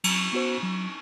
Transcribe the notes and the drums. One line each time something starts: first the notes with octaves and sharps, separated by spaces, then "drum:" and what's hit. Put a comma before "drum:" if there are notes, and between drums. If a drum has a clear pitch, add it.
F#3, drum: cymbal
B3 F#4 C5
F#3